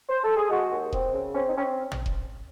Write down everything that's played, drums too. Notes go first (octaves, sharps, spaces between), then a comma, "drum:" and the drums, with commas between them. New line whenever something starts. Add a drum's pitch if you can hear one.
C5
A4
G#4
G#3 F#4
D#2
C4, drum: kick E1
C#3
C4 C#4
D#4
C4 C#4
drum: tom
drum: kick E1